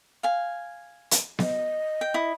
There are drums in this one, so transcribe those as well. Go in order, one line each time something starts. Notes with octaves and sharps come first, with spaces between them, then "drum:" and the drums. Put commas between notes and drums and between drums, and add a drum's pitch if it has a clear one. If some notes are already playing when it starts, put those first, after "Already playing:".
F5 G#5
drum: hi-hat
D#5, drum: snare B3
G5
E4 D#6